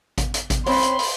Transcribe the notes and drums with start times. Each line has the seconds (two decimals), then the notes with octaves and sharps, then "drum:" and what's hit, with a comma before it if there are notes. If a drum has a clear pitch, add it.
0.18 drum: kick G#1, hi-hat
0.34 drum: hi-hat
0.50 drum: kick G#1, hi-hat
0.66 C4 C#4 C#5 B5 C6, drum: open hi-hat
0.83 drum: hi-hat
0.99 drum: open hi-hat